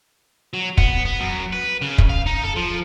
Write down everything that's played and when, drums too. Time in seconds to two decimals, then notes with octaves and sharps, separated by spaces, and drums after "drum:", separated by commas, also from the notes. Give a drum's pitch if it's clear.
0.54 F#3
0.78 B3, drum: kick
1.06 B3
1.20 F#2
1.53 B4
1.82 C#3
1.98 drum: kick
2.10 F5
2.27 D#4
2.44 A4
2.56 F3